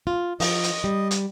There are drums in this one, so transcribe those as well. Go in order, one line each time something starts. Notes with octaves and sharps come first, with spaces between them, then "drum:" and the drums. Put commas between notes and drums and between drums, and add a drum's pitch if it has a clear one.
F4
F3 D#5, drum: open hi-hat
drum: hi-hat
G3
drum: hi-hat